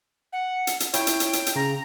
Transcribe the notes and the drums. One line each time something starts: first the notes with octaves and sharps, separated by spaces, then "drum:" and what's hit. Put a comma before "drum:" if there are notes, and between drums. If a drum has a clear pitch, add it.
F#5
drum: hi-hat
drum: hi-hat
E4 C#5 G5, drum: hi-hat
drum: hi-hat
drum: hi-hat
drum: hi-hat
drum: hi-hat
C#3 A#5